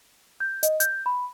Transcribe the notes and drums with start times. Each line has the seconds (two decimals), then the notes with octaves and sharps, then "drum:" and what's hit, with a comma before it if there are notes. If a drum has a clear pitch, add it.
0.40 G6
0.63 D#5, drum: hi-hat
0.80 G6, drum: hi-hat
1.06 B5